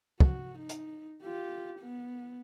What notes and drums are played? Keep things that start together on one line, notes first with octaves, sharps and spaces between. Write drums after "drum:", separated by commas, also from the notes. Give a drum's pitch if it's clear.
F#4, drum: kick
D#4
drum: hi-hat
F4 G4
B3